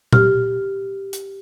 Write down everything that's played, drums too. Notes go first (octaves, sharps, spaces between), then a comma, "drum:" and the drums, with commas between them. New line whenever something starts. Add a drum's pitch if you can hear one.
G4 F6, drum: tom A#2
drum: hi-hat